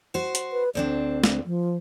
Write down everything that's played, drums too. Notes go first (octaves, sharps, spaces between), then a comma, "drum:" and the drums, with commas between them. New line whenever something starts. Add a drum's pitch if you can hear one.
F#4 C5
drum: hi-hat
B4
D2 C4 D4 D5
drum: snare
F3